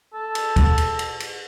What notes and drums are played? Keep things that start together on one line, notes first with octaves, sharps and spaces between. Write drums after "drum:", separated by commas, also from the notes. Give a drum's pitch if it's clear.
A4
drum: cymbal
drum: kick, cymbal
drum: cymbal
drum: cymbal
drum: cymbal